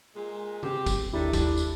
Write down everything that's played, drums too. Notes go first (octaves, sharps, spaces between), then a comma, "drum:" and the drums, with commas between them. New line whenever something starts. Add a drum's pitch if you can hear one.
A#2 G#3
C4 G4, drum: tom D3
drum: kick, tambourine
D#2 D#3 A3 D4 E4 G4
D4, drum: kick, tambourine
drum: tambourine